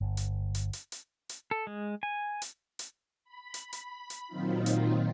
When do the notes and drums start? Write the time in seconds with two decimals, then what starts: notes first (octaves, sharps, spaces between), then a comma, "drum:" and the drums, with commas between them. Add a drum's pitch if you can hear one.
0.01 G1
0.17 drum: hi-hat
0.55 drum: hi-hat
0.73 drum: hi-hat
0.92 drum: hi-hat
1.29 drum: hi-hat
1.51 A4
1.67 G#3
2.03 G#5
2.42 drum: hi-hat
2.79 drum: hi-hat
3.24 B5
3.54 drum: hi-hat
3.73 drum: hi-hat
4.10 drum: hi-hat
4.28 A#2 D#3 F#3 C4 D#4 F4
4.66 drum: hi-hat